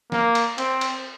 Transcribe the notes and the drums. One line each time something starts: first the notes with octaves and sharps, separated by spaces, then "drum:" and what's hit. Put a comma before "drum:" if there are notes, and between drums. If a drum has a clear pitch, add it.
A#3, drum: snare
drum: cymbal
C4, drum: cymbal
drum: cymbal